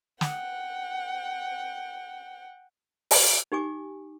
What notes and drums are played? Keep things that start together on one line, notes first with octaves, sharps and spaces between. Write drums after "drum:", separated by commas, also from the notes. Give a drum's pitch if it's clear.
F#5 G5, drum: snare
drum: open hi-hat
D#4 G4 G#5 D6